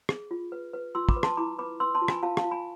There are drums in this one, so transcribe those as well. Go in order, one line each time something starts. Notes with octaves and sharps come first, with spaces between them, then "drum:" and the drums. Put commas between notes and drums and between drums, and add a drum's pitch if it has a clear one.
G#4, drum: rim click
F4
B4
B4
F4 C6 E6
B5 D6, drum: kick
B4
A5 C6, drum: rim click
E4 B5 D6
B4 B5 D6
B4 C6 E6
A5 C6
F4
G#5 B5, drum: rim click
F4 F5 A5
F5 A5, drum: rim click
F4
G#5 B5